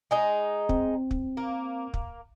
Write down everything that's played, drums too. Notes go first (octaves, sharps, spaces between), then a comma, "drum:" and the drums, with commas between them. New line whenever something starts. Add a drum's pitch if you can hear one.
G#3 D#4
C4, drum: kick
drum: kick
A#3
drum: kick